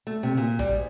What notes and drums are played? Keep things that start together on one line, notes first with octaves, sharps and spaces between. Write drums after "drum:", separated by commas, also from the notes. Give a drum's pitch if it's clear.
A3
C3
A#2
G3, drum: kick
G#2